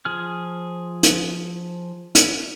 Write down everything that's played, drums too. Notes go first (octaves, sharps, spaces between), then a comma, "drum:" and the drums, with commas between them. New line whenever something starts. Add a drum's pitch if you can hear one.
F3 G#4 F6
drum: hi-hat
drum: hi-hat